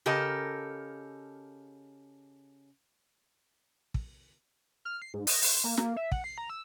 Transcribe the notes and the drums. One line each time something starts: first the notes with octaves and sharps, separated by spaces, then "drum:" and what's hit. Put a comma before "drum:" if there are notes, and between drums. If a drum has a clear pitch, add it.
C#3 G4 A4 A#4 D#5
drum: kick
F6
C7
G#2
D#5, drum: open hi-hat
C6, drum: open hi-hat
A#3
A#3, drum: snare
E5
F#5, drum: kick
C7
A#5
E6